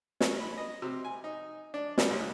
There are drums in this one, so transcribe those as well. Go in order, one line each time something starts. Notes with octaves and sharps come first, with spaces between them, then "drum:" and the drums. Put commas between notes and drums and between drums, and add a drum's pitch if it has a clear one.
C#5, drum: snare
B5
D#5
C3
G#5
D#4
D4
G3, drum: snare
C#2